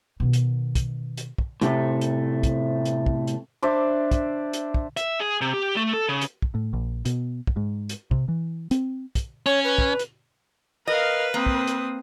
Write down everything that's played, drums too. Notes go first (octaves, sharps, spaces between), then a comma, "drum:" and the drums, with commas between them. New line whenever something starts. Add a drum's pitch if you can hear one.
B2 D#3
drum: hi-hat
drum: kick, hi-hat
drum: hi-hat
drum: kick
A2 C3 A3, drum: hi-hat
drum: hi-hat
drum: kick, hi-hat
drum: hi-hat
drum: kick
drum: hi-hat
D4 C5 D5 E5
drum: kick, hi-hat
drum: hi-hat
drum: kick
E5, drum: hi-hat
G#4
C3
G4
A3
A4
C#3
drum: hi-hat
drum: kick
A2
A#1
B2, drum: hi-hat
drum: kick
G#2
drum: hi-hat
C3, drum: kick
E3
C4, drum: hi-hat
drum: kick, hi-hat
C#4 C#5
B4
drum: kick
drum: hi-hat
A#4 B4 D#5 F5
A#3 C4 D#6
drum: kick
drum: hi-hat